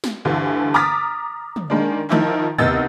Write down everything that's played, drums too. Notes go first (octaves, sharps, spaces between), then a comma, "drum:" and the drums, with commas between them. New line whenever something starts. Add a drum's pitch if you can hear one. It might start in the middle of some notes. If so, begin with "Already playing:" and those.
drum: snare
D2 G2 D3 E3
A#5 D6 D#6 F6 A6 B6
drum: tom
D#3 G#3 A#3 D4
D#3 F3 D#4 E4, drum: clap
C2 D#3 B3 D#5 E6 A6, drum: tom